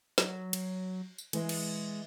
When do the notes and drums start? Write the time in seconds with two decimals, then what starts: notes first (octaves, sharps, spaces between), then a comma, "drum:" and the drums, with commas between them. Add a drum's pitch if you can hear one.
0.18 F#3, drum: snare
0.53 drum: cymbal
1.18 drum: tambourine
1.33 E3 G#3, drum: cymbal
1.49 drum: cymbal